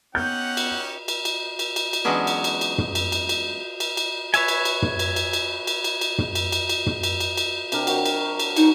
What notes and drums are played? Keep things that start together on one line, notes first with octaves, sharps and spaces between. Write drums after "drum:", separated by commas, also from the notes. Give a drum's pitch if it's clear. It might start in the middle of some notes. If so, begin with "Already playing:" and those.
B3 C#4 D#4 G4 F#5 G6
drum: cymbal
drum: cymbal
drum: cymbal
drum: cymbal
drum: cymbal
drum: cymbal
E3 F#3 G#3 B3 C#4 D4
drum: cymbal
drum: cymbal
drum: cymbal
drum: tom
drum: cymbal
drum: cymbal
drum: cymbal
drum: cymbal
drum: cymbal
B4 C#5 E5 G#5, drum: cymbal
drum: cymbal
drum: cymbal
drum: tom
drum: cymbal
drum: cymbal
drum: cymbal
drum: cymbal
drum: cymbal
drum: cymbal
drum: tom
drum: cymbal
drum: cymbal
drum: cymbal
drum: tom
drum: cymbal
drum: cymbal
drum: cymbal
C3 D4 A#4, drum: cymbal
F#3, drum: cymbal
drum: cymbal
drum: cymbal
D#4, drum: cymbal